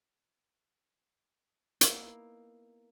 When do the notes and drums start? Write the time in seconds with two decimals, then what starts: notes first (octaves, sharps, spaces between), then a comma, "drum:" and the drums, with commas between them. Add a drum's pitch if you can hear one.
1.81 A#3 B3 D#4 E4, drum: hi-hat